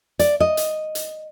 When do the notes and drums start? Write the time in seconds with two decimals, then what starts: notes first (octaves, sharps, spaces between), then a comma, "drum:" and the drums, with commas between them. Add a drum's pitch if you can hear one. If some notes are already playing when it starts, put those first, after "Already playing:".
0.19 D5, drum: hi-hat
0.40 D#5
0.57 drum: hi-hat
0.95 drum: hi-hat